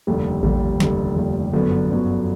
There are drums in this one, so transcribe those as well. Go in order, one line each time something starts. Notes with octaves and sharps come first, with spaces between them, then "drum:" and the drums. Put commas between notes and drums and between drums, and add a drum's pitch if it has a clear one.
F1 D#2 D3 G3
F1 D#2 D3 G3, drum: kick A1
F1 D#2 D3 G3, drum: snare
F1 D#2 D3 G3
G1 F#2 D3 F#3 B3
G1 F#2 D3 F#3 B3